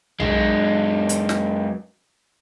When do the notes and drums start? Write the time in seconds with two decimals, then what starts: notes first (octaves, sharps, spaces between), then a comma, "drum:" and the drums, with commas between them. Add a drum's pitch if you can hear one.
0.20 F#2 G#3, drum: tom
1.09 drum: hi-hat
1.29 drum: snare